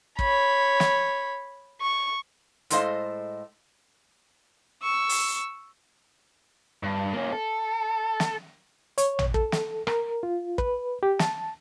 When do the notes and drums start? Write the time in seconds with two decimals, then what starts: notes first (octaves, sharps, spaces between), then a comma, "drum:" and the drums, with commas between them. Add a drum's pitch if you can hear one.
0.19 C#5 B5, drum: kick
0.80 drum: snare
1.81 C#6
2.70 A2 G#3 A4 C5 D#5 F5, drum: hi-hat
4.82 C#6 E6
5.09 drum: open hi-hat
6.83 G2
7.13 A#3 C#4
7.33 A4
8.20 drum: snare
8.98 C#5, drum: hi-hat
9.19 drum: tom A1
9.34 A4, drum: kick
9.52 drum: snare
9.87 A#4, drum: rim click
10.23 F4
10.58 B4, drum: kick
11.03 G4
11.19 A5, drum: snare